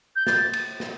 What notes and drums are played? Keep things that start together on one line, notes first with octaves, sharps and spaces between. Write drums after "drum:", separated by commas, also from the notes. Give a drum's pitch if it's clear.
G6
A6, drum: snare
drum: cymbal
drum: snare